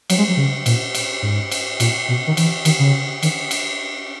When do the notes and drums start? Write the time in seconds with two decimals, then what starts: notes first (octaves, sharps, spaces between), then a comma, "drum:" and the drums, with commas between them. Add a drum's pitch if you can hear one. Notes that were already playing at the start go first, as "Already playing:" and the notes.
0.10 F#3, drum: cymbal
0.18 G#3
0.29 F#3
0.37 C#3
0.66 A#2, drum: cymbal
0.95 drum: cymbal
1.22 G#2
1.51 drum: cymbal
1.80 A#2, drum: cymbal
2.08 B2
2.27 D#3
2.37 E3, drum: cymbal
2.65 D#3, drum: cymbal
2.79 C#3
3.23 D#3, drum: cymbal
3.51 drum: cymbal